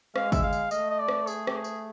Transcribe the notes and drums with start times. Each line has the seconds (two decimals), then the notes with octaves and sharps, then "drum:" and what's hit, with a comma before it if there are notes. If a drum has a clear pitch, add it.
0.16 G#3 F5, drum: rim click
0.32 E5, drum: kick, tambourine
0.43 F5
0.53 drum: tambourine
0.71 A3 D#5, drum: tambourine
0.91 D#5
0.99 D5
1.08 drum: rim click
1.27 G#4, drum: tambourine
1.47 G4, drum: rim click
1.55 G#4
1.64 drum: tambourine